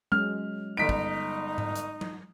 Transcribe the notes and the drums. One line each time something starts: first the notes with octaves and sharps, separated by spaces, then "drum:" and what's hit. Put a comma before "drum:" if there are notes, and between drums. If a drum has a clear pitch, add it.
F#3 G#3 C#4 F6
G1 D#4 B6 D7
drum: kick
drum: tom G#2
drum: hi-hat
drum: tom F#3